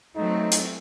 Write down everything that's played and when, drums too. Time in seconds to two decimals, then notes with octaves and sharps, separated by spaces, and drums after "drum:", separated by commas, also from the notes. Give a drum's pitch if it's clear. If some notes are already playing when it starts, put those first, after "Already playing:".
0.16 F#3 A3 C4 D#4
0.52 drum: hi-hat